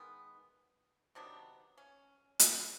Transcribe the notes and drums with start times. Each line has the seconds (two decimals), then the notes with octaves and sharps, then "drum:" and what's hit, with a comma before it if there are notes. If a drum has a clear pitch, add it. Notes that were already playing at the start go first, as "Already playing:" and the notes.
Already playing: D#3 G#3 B3
1.15 C3 D#3 F#3 B3 D4
1.78 C#4
2.39 C#3 F#3 B3, drum: hi-hat